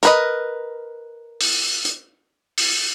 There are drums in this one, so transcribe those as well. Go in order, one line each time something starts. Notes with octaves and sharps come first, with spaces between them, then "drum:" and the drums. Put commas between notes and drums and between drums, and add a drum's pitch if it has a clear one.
A#4 B4 D#5, drum: hi-hat
drum: open hi-hat
drum: hi-hat
drum: open hi-hat